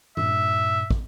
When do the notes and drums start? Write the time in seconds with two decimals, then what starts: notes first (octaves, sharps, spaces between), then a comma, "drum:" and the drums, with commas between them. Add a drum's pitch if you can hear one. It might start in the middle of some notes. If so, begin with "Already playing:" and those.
0.17 G2 A#2 E5, drum: tom D#3
0.91 drum: kick